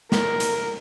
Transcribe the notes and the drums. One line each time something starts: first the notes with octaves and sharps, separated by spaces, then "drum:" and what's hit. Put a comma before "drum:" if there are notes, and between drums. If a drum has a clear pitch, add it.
A#4, drum: snare
drum: hi-hat